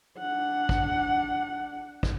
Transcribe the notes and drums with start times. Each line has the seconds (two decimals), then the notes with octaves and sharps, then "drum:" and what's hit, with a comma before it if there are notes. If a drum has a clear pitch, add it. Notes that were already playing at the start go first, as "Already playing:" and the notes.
0.19 D4 F#5
0.69 drum: kick
2.03 drum: kick